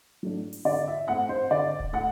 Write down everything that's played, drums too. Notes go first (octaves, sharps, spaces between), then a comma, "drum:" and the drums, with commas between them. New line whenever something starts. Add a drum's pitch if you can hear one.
F#3 A3 D4
drum: open hi-hat
D3 D5
E5
A3 C4 F#5
C5
D3 D5
drum: kick D1
A3 F#5